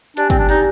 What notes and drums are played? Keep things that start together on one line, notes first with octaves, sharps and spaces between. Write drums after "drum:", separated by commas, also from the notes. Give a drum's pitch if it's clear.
D4 G4 D5 G#5, drum: hi-hat
C4, drum: kick, hi-hat
D4
D#4 G4 D5 G#5, drum: open hi-hat